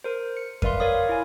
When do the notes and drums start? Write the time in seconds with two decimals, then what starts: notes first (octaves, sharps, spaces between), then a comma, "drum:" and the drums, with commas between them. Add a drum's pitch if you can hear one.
0.04 A#4 C5
0.37 C#7
0.62 A#4 B4 D5 E5 F5 C6, drum: kick F2
0.80 A#4 C#5 D5 F5 D#6
1.09 E4 G#5